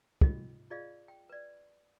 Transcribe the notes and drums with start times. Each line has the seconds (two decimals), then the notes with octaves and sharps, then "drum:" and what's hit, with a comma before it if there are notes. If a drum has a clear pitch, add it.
0.21 C#4 F4 D#5, drum: kick
0.71 F4 G#4 D5 D#5 F5
1.08 G5
1.29 B4 D5